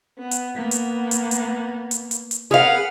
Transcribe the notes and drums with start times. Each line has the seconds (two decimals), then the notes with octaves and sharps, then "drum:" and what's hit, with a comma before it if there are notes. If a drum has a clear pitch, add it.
0.18 B3
0.31 drum: hi-hat
0.56 A#3 B3
0.71 drum: hi-hat
1.11 drum: hi-hat
1.31 drum: hi-hat
1.91 drum: hi-hat
2.11 drum: hi-hat
2.31 drum: hi-hat
2.51 G#4 A#4 B4 F5 F#5 F6